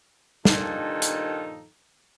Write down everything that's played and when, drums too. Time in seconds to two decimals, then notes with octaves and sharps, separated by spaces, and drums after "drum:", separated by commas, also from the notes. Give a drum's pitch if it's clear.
0.45 G2 A#2 D#3 F3 D#4 A4, drum: snare
1.02 drum: hi-hat